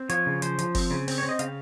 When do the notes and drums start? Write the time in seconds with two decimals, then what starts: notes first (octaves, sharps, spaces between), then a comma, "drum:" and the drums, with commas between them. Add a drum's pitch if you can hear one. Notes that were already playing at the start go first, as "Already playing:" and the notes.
Already playing: C4
0.09 F3 C#5, drum: hi-hat
0.26 C#3
0.42 F3 C5, drum: hi-hat
0.59 F3, drum: hi-hat
0.75 C4, drum: kick F#1, open hi-hat
0.91 C#3
1.08 C4, drum: open hi-hat
1.18 C4 C#5
1.29 D#5
1.39 C#3 F5, drum: hi-hat